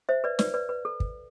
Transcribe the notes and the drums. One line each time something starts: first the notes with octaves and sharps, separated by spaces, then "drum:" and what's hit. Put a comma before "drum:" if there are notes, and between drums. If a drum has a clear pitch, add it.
C5 E5
B4 D5
B4 D5, drum: snare
B4 D5
B4
A4
drum: kick